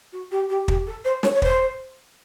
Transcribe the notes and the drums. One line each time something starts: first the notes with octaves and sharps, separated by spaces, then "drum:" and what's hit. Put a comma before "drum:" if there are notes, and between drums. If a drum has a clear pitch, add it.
F#4
G4
G4
G4, drum: kick
A4
C5
C#5, drum: snare
C#5
C5, drum: kick